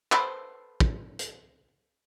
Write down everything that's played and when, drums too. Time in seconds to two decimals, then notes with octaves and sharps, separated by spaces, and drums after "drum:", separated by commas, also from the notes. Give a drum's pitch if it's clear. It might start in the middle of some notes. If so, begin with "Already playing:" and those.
0.12 A4 B4 C5 B5, drum: clap
0.80 drum: kick
1.19 drum: hi-hat